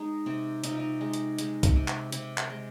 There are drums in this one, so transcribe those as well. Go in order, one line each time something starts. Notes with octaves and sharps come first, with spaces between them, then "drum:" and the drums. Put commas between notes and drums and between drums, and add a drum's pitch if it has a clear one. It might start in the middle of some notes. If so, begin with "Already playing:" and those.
Already playing: G#3 D#4
C3 C4
C3 D#4, drum: hi-hat
F4
D#4
G#3
drum: hi-hat
G#3, drum: hi-hat
drum: kick B1, hi-hat
C3
drum: clap
C3, drum: hi-hat
drum: clap
G#3